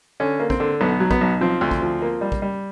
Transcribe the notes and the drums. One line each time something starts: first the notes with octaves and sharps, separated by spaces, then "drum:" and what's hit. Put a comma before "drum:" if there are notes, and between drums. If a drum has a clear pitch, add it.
D3 C#4
A#3
C4, drum: kick
D3
B1 B3
F#3
B3, drum: kick
B1
F3 C4
D2
drum: kick
F3
A#3
G3
drum: kick
G3